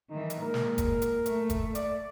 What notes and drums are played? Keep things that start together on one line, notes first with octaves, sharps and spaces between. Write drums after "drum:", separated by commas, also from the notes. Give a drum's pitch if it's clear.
D#3 E3 D#4
drum: hi-hat
A#2 G#3 A#4
drum: snare
drum: kick F1, hi-hat
drum: hi-hat
A3, drum: hi-hat
drum: kick F1, hi-hat
D5, drum: hi-hat